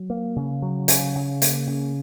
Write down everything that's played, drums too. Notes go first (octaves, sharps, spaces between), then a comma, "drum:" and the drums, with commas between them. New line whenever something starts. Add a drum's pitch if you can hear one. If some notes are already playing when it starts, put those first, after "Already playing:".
Already playing: F#3
A#3
C#3
F#3
C#3, drum: hi-hat
C#3
A#3, drum: hi-hat
C#3